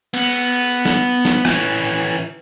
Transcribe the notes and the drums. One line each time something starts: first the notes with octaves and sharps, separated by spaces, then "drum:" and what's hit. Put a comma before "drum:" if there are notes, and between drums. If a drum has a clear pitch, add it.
B3, drum: cymbal
drum: snare
drum: snare
E3 C#4, drum: rim click